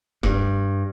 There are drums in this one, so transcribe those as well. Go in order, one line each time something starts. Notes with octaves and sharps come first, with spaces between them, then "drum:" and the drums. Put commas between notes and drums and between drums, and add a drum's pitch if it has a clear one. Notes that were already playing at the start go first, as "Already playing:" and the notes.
G2, drum: kick E1